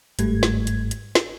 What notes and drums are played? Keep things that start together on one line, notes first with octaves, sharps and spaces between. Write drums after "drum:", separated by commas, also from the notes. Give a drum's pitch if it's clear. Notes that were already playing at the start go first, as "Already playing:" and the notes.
G1 G#2 G3 A3 G#6, drum: hi-hat
drum: snare
drum: hi-hat
drum: hi-hat
drum: snare